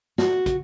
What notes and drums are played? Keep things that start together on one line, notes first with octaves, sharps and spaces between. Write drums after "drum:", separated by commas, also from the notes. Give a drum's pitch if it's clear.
F#4, drum: snare
drum: kick, hi-hat